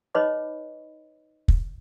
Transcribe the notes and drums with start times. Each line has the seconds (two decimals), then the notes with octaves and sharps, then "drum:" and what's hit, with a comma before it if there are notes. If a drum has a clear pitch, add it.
0.15 D#4 B4 C#5 D#5 B5 D6
1.48 drum: kick